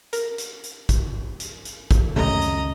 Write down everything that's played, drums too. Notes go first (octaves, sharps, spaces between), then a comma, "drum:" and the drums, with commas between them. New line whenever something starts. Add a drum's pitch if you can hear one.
A#4, drum: hi-hat
drum: hi-hat
drum: hi-hat
drum: kick, hi-hat
drum: hi-hat
drum: hi-hat
drum: kick, hi-hat
C#2 F#2 C3 D#3 A3 C#4 D#5 A#5
drum: hi-hat